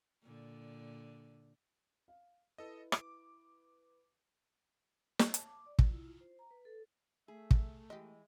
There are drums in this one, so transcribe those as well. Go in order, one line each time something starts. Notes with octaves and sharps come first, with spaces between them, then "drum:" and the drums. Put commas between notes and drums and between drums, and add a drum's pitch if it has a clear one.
A#2 D3
F5
E4 A4 B4 D#5
D6, drum: rim click
D#5, drum: snare
A5, drum: hi-hat
D6
D5
F4, drum: kick
E4
F4
C5
A#5
B4
A4
A3 G#4 E5
drum: kick
E3 G#3 G4 D#5